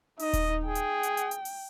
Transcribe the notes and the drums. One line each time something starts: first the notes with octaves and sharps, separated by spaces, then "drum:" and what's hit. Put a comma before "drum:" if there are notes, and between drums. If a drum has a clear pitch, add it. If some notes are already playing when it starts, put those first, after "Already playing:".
D#4 D#5, drum: open hi-hat
drum: kick D#1, hi-hat
G#4 G5
drum: hi-hat
drum: hi-hat
drum: hi-hat
drum: hi-hat
drum: open hi-hat